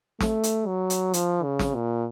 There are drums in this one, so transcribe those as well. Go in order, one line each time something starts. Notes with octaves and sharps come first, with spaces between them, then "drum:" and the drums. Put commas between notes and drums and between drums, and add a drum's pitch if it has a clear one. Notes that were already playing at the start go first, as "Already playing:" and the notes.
A3, drum: snare
drum: hi-hat
F#3
drum: hi-hat
F3, drum: hi-hat
C#3
drum: snare
A#2